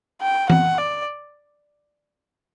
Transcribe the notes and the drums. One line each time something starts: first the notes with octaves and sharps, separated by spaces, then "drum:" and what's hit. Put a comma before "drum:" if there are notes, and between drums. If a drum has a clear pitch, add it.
G5
F#5, drum: tom E3
D5